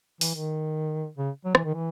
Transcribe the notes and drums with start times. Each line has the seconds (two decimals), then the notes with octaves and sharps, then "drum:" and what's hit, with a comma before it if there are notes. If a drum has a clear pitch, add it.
0.21 E3, drum: open hi-hat
0.35 D#3
1.18 C#3
1.45 F#3
1.55 E3, drum: rim click
1.65 D#3
1.75 E3